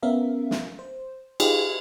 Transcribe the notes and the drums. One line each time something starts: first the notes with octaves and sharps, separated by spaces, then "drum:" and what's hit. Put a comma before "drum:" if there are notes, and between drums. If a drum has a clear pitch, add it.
B3 C#4 A#4 E5 F5
drum: snare
C5
D#4 F4 G4 G#4 C#5 F5, drum: cymbal